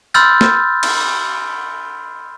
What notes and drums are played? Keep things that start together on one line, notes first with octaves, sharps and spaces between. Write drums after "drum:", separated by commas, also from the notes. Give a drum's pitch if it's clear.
B5 C6 E6 F6 G6 A6
drum: snare
drum: cymbal